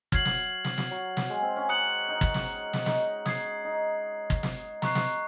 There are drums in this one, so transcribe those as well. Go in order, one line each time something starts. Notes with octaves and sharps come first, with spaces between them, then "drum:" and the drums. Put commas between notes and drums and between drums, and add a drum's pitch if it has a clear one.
F#3 F6 G#6 C7 F#7, drum: kick
drum: snare
drum: snare
drum: snare
F#3
drum: snare
G#3
C4
C#4
A#5 D#6 F#6 C#7 F#7
D#4
drum: kick
drum: snare
drum: snare
D#4, drum: snare
D#6 G#6 C7, drum: snare
D#4
drum: kick
drum: snare
A#5 C#6 F#6 C7, drum: snare
drum: snare